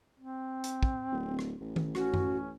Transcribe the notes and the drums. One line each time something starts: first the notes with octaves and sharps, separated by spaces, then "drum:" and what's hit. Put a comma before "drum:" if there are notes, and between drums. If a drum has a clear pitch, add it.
C4
drum: hi-hat
drum: kick
D1
drum: rim click
A1
drum: tom D#3
C#4 F#4, drum: rim click
drum: tom F#2